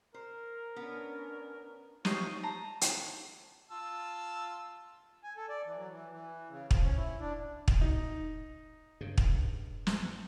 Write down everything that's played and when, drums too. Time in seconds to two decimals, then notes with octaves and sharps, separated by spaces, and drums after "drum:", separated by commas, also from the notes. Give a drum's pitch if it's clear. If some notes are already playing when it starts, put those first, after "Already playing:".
0.14 A#4 C5
0.76 B3 C#4 D4
2.05 D#4 F4 G4 C5 C#5 C#6 C7 D#7, drum: snare
2.43 A5 A#5
2.81 drum: hi-hat
3.71 F4 A5 E6
5.23 G#5
5.37 A4
5.49 D5
5.66 E3
5.77 F#3
5.92 E3
6.11 E3
6.50 C#3
6.71 F3, drum: kick
6.83 C#4
6.97 E4
7.20 D4
7.68 drum: kick
7.81 D#4
9.01 G2 C#3
9.18 drum: kick
9.87 drum: snare